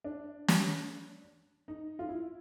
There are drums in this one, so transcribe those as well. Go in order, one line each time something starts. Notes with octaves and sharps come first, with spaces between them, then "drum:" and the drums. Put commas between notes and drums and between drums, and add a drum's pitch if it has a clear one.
D4
drum: snare
D#4
F4
E4